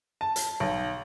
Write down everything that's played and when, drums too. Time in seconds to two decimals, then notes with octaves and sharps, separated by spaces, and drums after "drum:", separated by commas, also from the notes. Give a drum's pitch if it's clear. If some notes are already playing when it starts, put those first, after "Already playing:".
0.21 A5
0.36 drum: hi-hat
0.60 B1